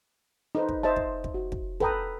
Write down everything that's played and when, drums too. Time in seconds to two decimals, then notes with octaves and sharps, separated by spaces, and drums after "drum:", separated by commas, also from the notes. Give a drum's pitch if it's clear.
0.55 D#4 A4 B4 C5
0.69 drum: kick
0.83 C5 D#5 E5 A5
0.96 drum: kick
1.24 drum: kick
1.34 F#4
1.52 drum: kick
1.80 A4 B4 G5 A#5 D#6, drum: kick